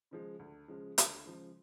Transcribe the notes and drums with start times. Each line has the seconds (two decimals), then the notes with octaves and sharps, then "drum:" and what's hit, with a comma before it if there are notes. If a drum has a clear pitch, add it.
0.11 C#3 F3 G#3
0.39 D2
0.68 C#3 F3 G#3
0.98 D2, drum: hi-hat
1.26 C#3 F3 G#3